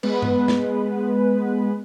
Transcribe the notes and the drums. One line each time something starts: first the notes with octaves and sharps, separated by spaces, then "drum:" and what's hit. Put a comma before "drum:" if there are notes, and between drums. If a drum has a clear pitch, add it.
G#3 B3 B4, drum: cymbal
drum: tom G2
drum: snare